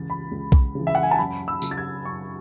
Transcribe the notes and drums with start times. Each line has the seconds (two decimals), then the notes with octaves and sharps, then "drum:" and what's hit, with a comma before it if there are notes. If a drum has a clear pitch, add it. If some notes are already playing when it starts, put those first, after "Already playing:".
Already playing: C#2 C#3 E3 A6
0.10 B5
0.31 C#2
0.52 drum: kick B1
0.75 C#3 E3
0.87 E5
0.95 F#5
1.03 G#5
1.11 A5
1.18 F#2 B5
1.48 E6
1.62 C#3 F#3, drum: tambourine
1.71 A6
1.78 G#6
2.05 F#2 C#6